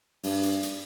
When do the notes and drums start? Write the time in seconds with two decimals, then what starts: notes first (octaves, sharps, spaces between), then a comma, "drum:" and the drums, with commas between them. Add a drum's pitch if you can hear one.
0.23 G2, drum: open hi-hat
0.43 drum: hi-hat
0.63 drum: hi-hat